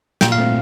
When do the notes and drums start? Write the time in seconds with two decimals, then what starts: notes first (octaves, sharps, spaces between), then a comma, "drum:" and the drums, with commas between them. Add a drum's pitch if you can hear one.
0.21 A#2 G5, drum: snare
0.32 F5
0.38 A3 C4